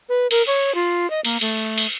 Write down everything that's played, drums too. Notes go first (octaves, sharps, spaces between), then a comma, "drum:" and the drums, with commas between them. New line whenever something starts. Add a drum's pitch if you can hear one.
B4
A#4, drum: cymbal
C#5
F4
D#5
A#3, drum: cymbal
A3, drum: cymbal
drum: cymbal